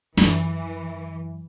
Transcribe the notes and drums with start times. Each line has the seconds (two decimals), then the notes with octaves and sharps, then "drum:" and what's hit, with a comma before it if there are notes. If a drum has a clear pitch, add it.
0.17 F#2 E3, drum: snare